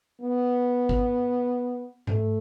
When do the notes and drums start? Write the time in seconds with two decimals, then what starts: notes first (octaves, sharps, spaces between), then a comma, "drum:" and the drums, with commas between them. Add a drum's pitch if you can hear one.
0.21 B3
0.89 drum: kick
2.07 A3, drum: tom G#2